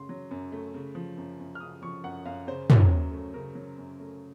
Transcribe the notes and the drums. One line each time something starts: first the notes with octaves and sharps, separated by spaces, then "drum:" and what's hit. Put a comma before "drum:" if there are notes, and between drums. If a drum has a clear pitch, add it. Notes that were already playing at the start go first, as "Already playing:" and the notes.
Already playing: F#2 C#3 A3 C6
F#3
F#2
A3
C#3
F3
F#2
F#2
F6
C#3 D#6
F3 C#6
F#2 F#5
F#2 F5
C#3 C5
F#3, drum: tom
F#2
A3
C#3 A#4
F#3
F#2
A3